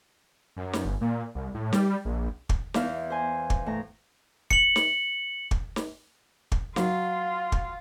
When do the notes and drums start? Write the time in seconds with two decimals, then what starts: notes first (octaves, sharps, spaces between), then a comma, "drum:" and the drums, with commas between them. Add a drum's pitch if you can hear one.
0.57 F#2
0.73 drum: snare
0.85 G1
1.01 A#2
1.35 C2
1.55 A2
1.73 G3, drum: snare
2.05 A#1
2.49 drum: kick
2.74 E2 E3 B3 E4 F5 G6, drum: snare
3.10 C5 G#5
3.50 drum: kick
3.66 A2 A#5
4.50 C#7 F#7, drum: kick
4.76 drum: snare
5.51 drum: kick
5.76 drum: snare
6.52 drum: kick
6.76 F#3 F4, drum: snare
7.52 drum: kick